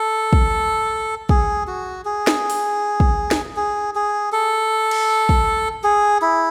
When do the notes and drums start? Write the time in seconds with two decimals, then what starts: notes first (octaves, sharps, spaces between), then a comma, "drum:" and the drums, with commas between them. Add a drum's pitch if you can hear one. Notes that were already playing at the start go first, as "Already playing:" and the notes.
Already playing: A4
0.33 drum: kick
1.29 G#4, drum: kick
1.67 F#4
2.05 G#4
2.27 drum: snare
2.50 drum: open hi-hat
3.00 drum: kick
3.31 drum: snare
3.56 G#4
3.95 G#4
4.32 A4
4.91 drum: cymbal
5.29 drum: kick
5.84 G#4
6.22 E4